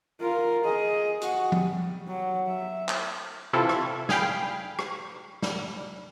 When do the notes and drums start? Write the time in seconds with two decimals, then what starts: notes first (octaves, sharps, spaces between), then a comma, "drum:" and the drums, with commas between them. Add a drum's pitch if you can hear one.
0.20 F4 A#4
0.64 G#4 D#5
1.21 F#4, drum: hi-hat
1.52 G3, drum: tom
2.08 F#3
2.47 E5
2.89 drum: clap
3.53 C3 E3 E4 F4 A4
3.69 drum: rim click
4.09 G#4 F5 G5 B5, drum: snare
4.79 drum: rim click
5.42 drum: snare